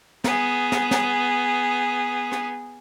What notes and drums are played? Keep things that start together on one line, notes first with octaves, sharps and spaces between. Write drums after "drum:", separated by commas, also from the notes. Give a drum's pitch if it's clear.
B3 G#4, drum: snare
drum: snare
drum: snare
drum: rim click